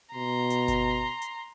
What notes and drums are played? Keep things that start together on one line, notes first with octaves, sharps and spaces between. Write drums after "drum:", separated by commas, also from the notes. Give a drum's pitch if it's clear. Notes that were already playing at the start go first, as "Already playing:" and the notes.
B2 A#5 C6
drum: hi-hat
drum: kick G1, hi-hat
drum: hi-hat